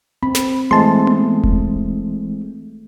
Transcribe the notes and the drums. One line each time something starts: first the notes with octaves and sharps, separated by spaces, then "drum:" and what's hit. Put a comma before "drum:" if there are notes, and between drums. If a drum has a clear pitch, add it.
C4 B5
drum: snare
E3 G#3 A3 C4 A5 C6
drum: tom B3
drum: kick E1